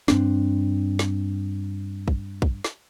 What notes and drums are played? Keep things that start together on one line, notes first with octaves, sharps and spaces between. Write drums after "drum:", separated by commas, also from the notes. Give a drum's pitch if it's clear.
G2 C4 D4, drum: snare
drum: snare
drum: kick
drum: kick
drum: snare